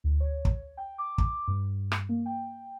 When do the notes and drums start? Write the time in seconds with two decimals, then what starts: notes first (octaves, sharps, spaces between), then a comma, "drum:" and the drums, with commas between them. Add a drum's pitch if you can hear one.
0.04 D2
0.20 C#5
0.45 drum: kick
0.77 G5
0.98 D6
1.18 drum: kick
1.48 G2
1.92 drum: rim click
2.09 A#3
2.26 G5